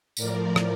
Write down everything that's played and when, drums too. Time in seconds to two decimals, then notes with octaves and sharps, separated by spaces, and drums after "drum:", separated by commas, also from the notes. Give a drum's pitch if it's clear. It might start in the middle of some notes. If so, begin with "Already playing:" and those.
0.17 A2 F3 A#4 D5, drum: tambourine
0.56 drum: rim click